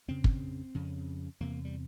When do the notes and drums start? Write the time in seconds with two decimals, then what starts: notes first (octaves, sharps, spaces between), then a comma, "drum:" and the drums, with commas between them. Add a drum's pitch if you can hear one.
0.08 F2 C#3 C4
0.24 drum: kick
0.75 F2 C#3
1.40 E2 C3 A#3
1.65 G3